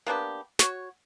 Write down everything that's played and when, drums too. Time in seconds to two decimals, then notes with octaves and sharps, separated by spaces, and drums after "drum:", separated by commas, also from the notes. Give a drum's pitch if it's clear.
0.06 A#3 B3 D4 G4
0.59 F#4 C#5, drum: snare